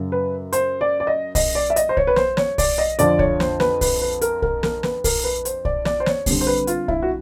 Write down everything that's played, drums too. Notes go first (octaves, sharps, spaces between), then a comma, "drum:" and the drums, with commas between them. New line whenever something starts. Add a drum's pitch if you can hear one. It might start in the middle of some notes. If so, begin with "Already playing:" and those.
Already playing: F#2 C#3 F#3
B4
C5, drum: hi-hat
D5
D5
D#5
D#5, drum: kick B1, open hi-hat
D5
E5
D#5, drum: hi-hat
C5
C#5, drum: kick B1
B4
C5, drum: snare
C#5, drum: snare
D5, drum: kick B1, open hi-hat
D#5
F2 D3 F3 D5, drum: hi-hat
C#5, drum: kick B1
C5, drum: snare
B4, drum: snare
B4, drum: kick B1, open hi-hat
B4
A#4, drum: hi-hat
A#4, drum: kick B1
A#4, drum: snare
B4, drum: snare
A#4, drum: kick B1, open hi-hat
B4
C5, drum: hi-hat
D5, drum: kick B1
D5, drum: snare
C5
C#5, drum: snare
D3 G3 C4, drum: kick B1, open hi-hat
C5
B4
F4, drum: hi-hat
E4, drum: kick B1
F#4